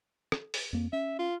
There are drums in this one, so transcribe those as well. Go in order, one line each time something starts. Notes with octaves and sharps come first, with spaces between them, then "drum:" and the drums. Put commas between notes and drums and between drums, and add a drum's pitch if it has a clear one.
drum: rim click
drum: open hi-hat
F2 A#3
C#4 E5
F4